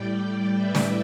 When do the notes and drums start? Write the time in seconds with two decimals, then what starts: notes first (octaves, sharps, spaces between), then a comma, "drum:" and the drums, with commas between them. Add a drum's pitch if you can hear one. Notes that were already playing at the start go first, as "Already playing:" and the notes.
Already playing: A2 G3 D5 G5
0.54 B4 E5
0.75 drum: snare